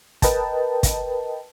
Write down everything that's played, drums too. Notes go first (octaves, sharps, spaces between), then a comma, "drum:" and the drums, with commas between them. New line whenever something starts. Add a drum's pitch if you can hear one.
A#4 B4 D#5 G5 A5, drum: kick, hi-hat
drum: kick, hi-hat